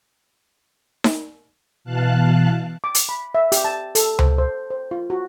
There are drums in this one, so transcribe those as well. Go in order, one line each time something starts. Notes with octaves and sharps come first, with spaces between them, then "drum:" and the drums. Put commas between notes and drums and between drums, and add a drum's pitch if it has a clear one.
drum: snare D#4
B2 E3 F5 A5 F#6
D6
drum: hi-hat
B5
E5
G4, drum: hi-hat
A5
A4, drum: hi-hat
C5, drum: tom C#2
C5
C5
F4
F#4